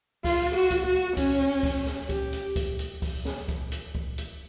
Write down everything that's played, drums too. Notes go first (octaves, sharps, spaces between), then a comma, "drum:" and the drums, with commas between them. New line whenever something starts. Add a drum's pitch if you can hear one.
F4, drum: kick C#2, open hi-hat
F#4
drum: kick C#2, hi-hat
F#4
C#4, drum: kick C#2, hi-hat
drum: kick C#2, open hi-hat
drum: snare
G4, drum: kick C#2, hi-hat
drum: hi-hat
drum: kick C#2, hi-hat
drum: hi-hat
drum: kick C#2, open hi-hat
drum: snare
drum: kick C#2, hi-hat
drum: hi-hat
drum: kick C#2
drum: hi-hat